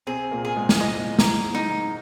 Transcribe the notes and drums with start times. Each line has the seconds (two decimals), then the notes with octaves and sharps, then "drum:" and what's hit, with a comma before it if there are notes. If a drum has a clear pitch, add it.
0.07 C3 C4 G#4
0.31 A#2 A#3
0.45 G#4
0.57 G#2 G#3
0.69 drum: snare
0.80 D#5
1.19 A#5, drum: snare
1.55 D#4